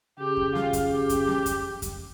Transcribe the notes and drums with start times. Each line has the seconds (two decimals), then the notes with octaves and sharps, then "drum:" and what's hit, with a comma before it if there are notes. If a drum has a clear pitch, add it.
0.19 C#3 G4
0.37 drum: kick F2
0.55 F4, drum: snare
0.73 drum: kick F2, hi-hat
0.92 G4
1.09 drum: kick F2, hi-hat
1.28 drum: snare
1.46 drum: kick F2, hi-hat
1.82 drum: kick F2, hi-hat